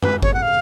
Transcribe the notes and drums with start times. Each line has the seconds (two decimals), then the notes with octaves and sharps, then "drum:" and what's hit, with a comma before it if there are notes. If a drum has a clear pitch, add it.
0.02 B4, drum: tom F#2
0.23 C#5, drum: kick G1
0.34 F#5
0.42 F5